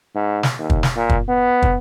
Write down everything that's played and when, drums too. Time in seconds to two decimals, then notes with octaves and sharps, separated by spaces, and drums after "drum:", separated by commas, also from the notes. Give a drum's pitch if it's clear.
0.15 G#2
0.43 drum: snare
0.58 D#2
0.70 drum: kick
0.83 drum: snare
0.96 A#2
1.09 drum: kick
1.29 B3
1.62 drum: kick